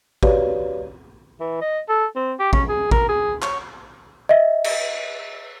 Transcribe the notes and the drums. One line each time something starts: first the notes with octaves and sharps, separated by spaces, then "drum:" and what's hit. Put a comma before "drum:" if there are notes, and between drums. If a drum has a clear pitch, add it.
F#4 G4 B4 C#5 D5 F5, drum: kick A1
E3
D#5
A4
C4
G4
C#4, drum: kick A1
G#4
A#4, drum: kick A1
G#4
C#5, drum: clap
D#5 E5
drum: cymbal